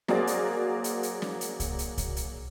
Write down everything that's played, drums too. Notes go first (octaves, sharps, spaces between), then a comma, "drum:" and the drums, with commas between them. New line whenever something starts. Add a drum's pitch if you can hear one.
F#3 A#3 C4 F#4 G#4 D5, drum: snare
drum: hi-hat
drum: hi-hat
drum: hi-hat
drum: snare
drum: hi-hat
drum: kick C2, hi-hat
drum: hi-hat
drum: kick C2, hi-hat
drum: hi-hat